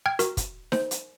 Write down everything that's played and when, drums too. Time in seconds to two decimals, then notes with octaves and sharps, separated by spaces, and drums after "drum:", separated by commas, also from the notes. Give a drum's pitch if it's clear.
0.06 G5 F6 G#6
0.19 F#4 A#4, drum: hi-hat
0.37 drum: kick, hi-hat
0.72 C5, drum: snare D#4
0.91 drum: hi-hat